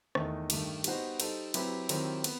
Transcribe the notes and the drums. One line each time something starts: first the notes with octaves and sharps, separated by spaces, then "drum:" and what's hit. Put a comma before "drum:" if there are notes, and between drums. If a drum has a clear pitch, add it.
E2 D#3 A3 D#4, drum: rim click
G2 D#3 A3 D#4 G4, drum: cymbal
G3 B3 D#4 F#4 C5, drum: cymbal
G3 D#4 A4 C5, drum: cymbal
F#3 C4 E4 G4 B4, drum: cymbal
D#3 F#3 C4 E4 G4, drum: cymbal
B3, drum: cymbal